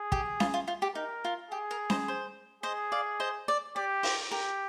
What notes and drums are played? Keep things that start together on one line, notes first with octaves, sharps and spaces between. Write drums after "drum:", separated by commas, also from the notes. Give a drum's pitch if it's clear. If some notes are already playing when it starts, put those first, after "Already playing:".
Already playing: G#4
G4, drum: kick
F4, drum: snare C#4
F4
F4
G4
D#4 A#4
F4
G4 G#4
A#4
C5 D#5, drum: snare C#4
C5
G#4 C5 D#5
D5 F5
C5 D#5
D5
G4 D5
C5, drum: open hi-hat
G4 A#4